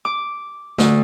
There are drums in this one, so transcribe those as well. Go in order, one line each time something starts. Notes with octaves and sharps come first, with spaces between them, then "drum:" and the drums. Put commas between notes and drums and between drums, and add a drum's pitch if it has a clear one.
D6
D2, drum: snare